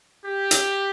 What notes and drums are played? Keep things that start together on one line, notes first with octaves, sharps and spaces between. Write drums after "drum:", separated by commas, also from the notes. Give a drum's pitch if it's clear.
G4
drum: hi-hat